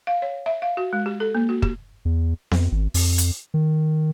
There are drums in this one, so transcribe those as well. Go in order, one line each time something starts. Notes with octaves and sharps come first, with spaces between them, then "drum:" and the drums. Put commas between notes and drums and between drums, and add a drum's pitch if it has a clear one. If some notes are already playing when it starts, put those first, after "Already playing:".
F5
C#5
E5
F5
F#4
G#3
G4
A4
A#3
F#4
G4, drum: kick
E2
F2, drum: snare B3
G#1
F2, drum: open hi-hat
drum: hi-hat
D#3